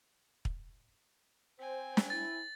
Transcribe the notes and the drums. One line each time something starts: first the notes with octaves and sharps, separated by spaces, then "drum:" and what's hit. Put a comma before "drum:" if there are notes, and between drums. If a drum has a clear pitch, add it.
drum: kick
C4 C5 G#5
drum: snare
E4 A6